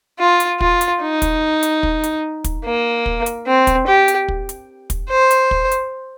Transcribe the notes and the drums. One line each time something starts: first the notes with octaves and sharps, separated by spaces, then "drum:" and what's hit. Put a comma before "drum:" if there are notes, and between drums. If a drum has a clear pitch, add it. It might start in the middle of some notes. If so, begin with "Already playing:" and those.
F4
drum: hi-hat
F4, drum: kick
drum: hi-hat
D#4
drum: kick, hi-hat
drum: hi-hat
drum: kick
drum: hi-hat
drum: kick, hi-hat
A#3
drum: kick
drum: hi-hat
C4
drum: kick, hi-hat
G4
drum: hi-hat
drum: kick
drum: hi-hat
drum: kick, hi-hat
C5
drum: hi-hat
drum: kick
drum: hi-hat